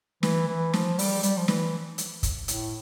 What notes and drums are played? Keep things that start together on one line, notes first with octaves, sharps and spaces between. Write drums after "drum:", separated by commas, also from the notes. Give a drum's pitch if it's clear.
E3, drum: snare
E3
F3, drum: snare
G3, drum: open hi-hat
G3, drum: hi-hat
F3
E3, drum: snare
drum: hi-hat
drum: kick, hi-hat
A2, drum: hi-hat